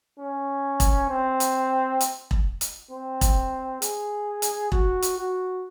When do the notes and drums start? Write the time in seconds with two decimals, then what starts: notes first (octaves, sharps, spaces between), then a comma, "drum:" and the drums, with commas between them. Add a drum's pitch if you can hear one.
0.19 C#4
0.80 drum: kick E1, hi-hat
1.09 C4
1.40 drum: hi-hat
2.01 drum: hi-hat
2.31 drum: kick E1
2.61 drum: hi-hat
2.91 C4
3.21 drum: kick E1, hi-hat
3.82 G#4, drum: hi-hat
4.42 drum: hi-hat
4.72 F#4, drum: kick E1
5.02 drum: hi-hat
5.18 F#4